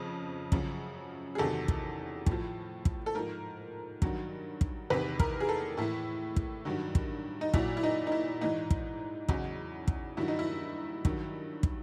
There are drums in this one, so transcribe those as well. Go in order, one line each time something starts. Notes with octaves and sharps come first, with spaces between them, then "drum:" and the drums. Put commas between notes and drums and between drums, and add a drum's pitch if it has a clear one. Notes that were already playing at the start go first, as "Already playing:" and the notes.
Already playing: F2 C#3 F3
F#2 C#3 F3, drum: kick
G#4
E2 C3 D#3 F#3 A4
drum: kick
A2 F3, drum: kick
drum: kick
A4
G#2 F3 A#4
G2 D#3 F#3, drum: kick
drum: kick
E2 C3 D#3 B4
A#4, drum: kick
G#4
A4
A2 E3 E4
drum: kick
G2 D#3 F#3
drum: kick
D#4
A#2 F#3 E4, drum: kick
E4
D#4
D#4
E4
G#2 E3 D#4
drum: kick
E2 C#3 F#3, drum: kick
drum: kick
G2 D#3 F#3 E4
D#4
E4
G2 D#3 F#3, drum: kick
drum: kick